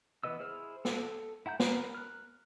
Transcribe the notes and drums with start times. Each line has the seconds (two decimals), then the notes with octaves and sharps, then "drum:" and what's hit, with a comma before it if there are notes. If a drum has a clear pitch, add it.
0.24 E3 B3 B4 D#5 E6
0.39 E4 G#4 C5 E6 F6
0.85 A4, drum: snare
1.46 E4 F#5 A#5 G6
1.60 A#4 B4 A#5 B5, drum: snare
1.95 F6 F#6